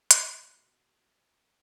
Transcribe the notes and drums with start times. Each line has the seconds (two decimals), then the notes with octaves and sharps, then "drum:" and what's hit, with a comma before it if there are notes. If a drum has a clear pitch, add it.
0.11 B2 C4 B4, drum: hi-hat